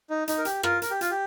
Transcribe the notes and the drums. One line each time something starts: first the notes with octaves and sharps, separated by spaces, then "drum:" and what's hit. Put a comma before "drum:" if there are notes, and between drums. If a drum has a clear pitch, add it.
D#4
D#4, drum: hi-hat
A#4
G4, drum: hi-hat
F4 A#4, drum: rim click
A#4, drum: hi-hat
G4
F4, drum: hi-hat
G4